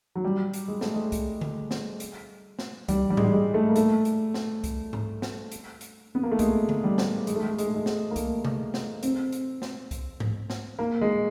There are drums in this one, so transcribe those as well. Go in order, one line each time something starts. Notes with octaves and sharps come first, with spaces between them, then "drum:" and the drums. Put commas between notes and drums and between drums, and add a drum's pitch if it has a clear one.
F#3
G3
drum: hi-hat
G#3
A3, drum: snare
G#3
drum: kick B1, hi-hat
drum: tom D3
drum: snare
drum: hi-hat
drum: snare
G3, drum: kick B1, hi-hat
G3
G#3, drum: tom G#2
G3
G#3
A3
A#3
A3, drum: hi-hat
drum: hi-hat
drum: snare
drum: kick B1, hi-hat
drum: tom G#2
drum: snare
drum: hi-hat
drum: hi-hat
B3
A#3
A3
G#3, drum: kick B1, hi-hat
drum: tom D3
G3
drum: snare
G#3, drum: hi-hat
A3
G#3
A3
G#3, drum: hi-hat
A3
G#3
drum: snare
A#3
A3, drum: kick B1, hi-hat
drum: tom C3
drum: snare
C4, drum: hi-hat
drum: hi-hat
drum: snare
drum: kick B1, hi-hat
drum: tom G#2
drum: snare
A#3
G#3